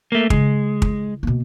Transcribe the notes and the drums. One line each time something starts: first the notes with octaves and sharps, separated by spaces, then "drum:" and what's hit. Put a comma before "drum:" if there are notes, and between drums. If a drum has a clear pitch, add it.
A3 A#3
C#3 G#3 E4, drum: kick
drum: kick
B2 A#3